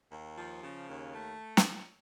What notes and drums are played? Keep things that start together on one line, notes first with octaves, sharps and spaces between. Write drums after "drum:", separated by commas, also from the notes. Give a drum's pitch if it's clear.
D#2
F3
C#3
D#2
A3
drum: snare